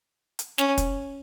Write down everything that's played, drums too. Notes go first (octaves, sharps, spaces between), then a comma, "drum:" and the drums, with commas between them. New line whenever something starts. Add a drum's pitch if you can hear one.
drum: hi-hat
C#4, drum: snare
drum: kick, hi-hat